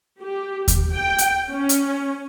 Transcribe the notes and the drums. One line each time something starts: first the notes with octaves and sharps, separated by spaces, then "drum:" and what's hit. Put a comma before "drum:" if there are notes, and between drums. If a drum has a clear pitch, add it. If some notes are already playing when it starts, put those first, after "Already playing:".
G4
drum: kick D#2, hi-hat
G5
drum: hi-hat
C#4
drum: hi-hat